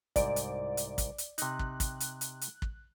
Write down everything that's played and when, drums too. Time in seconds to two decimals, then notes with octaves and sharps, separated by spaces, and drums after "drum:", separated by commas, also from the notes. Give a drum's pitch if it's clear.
0.16 C2 G#2 D5, drum: kick, hi-hat
0.36 drum: hi-hat
0.77 drum: hi-hat
0.98 drum: kick, hi-hat
1.18 drum: hi-hat
1.38 C3 D#4 F#6, drum: hi-hat
1.59 drum: kick
1.80 drum: kick, hi-hat
2.00 drum: hi-hat
2.21 drum: hi-hat
2.41 drum: hi-hat
2.62 drum: kick